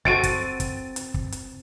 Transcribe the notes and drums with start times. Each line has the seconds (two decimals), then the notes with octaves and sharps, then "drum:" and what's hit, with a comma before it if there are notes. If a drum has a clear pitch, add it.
0.05 C4 F#4 A4 A6 D7 D#7, drum: kick
0.23 drum: kick, hi-hat
0.60 drum: kick, hi-hat
0.96 drum: hi-hat
1.14 drum: kick
1.32 drum: hi-hat